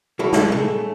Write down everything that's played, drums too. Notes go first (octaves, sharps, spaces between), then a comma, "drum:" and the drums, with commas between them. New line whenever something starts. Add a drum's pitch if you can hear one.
F#3 A#3 E4 A4
drum: snare
C#3 A3